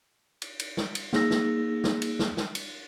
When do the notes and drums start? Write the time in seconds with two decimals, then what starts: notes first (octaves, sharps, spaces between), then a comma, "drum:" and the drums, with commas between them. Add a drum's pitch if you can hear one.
0.42 drum: cymbal
0.59 drum: cymbal
0.77 drum: snare
0.95 drum: cymbal
1.13 A#3 D#4 G#4 E6 A#6, drum: snare
1.31 drum: snare
1.84 drum: snare
2.02 drum: cymbal
2.19 drum: snare
2.37 drum: snare
2.55 drum: cymbal